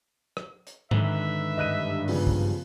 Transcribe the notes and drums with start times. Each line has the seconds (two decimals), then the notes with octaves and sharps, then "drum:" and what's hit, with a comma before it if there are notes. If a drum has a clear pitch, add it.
0.37 drum: rim click
0.67 drum: hi-hat
0.91 G#2 D3 D#3 B4 E5, drum: tom G#2
1.57 G2 D#5 F#6 D#7
2.08 C#3 F3 B3, drum: open hi-hat
2.27 drum: kick